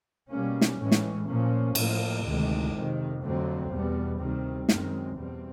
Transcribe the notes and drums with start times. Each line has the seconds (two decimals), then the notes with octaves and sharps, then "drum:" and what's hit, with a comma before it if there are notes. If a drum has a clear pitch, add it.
0.29 B2 G3 A#3 C#4
0.61 drum: snare
0.78 A2 E3 G#3 C#4
0.92 drum: snare
1.27 A#2 F3 A#3 C#4
1.75 A2 F3 A#3, drum: cymbal
2.24 D2 C3 D#3 G#3
2.73 F2 C3 D#3
3.22 F2 D3 F#3 A3 C4
3.70 E2 B2 G3 B3
4.20 D2 C3 D#3 G3 C4
4.69 F#2 D#3 G#3 C4, drum: snare
5.17 E2 B2 G3 C4